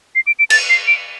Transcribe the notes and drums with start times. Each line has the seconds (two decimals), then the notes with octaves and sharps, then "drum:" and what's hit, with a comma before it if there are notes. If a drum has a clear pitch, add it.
0.15 C7
0.27 D7
0.39 D7
0.50 A6, drum: cymbal
0.69 C7
0.87 D7